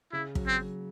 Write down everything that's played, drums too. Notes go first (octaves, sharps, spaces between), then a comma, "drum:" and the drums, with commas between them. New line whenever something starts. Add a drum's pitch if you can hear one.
C#3 E4
F#3, drum: kick
C4
F#3